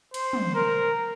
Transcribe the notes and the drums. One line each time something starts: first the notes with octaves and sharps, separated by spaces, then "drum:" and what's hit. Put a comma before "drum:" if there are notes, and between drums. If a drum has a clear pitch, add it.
C5, drum: cymbal
drum: tom
A#4